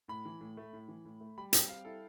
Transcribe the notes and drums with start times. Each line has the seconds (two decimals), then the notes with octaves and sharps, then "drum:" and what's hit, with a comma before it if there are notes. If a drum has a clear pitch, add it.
0.08 A2 B5
0.26 E3
0.41 A2
0.57 A3
0.73 A2
0.88 E3
1.05 A2
1.21 A3
1.38 G3 B5
1.53 C4 G5, drum: hi-hat
1.69 G3 F5
1.85 E4 A4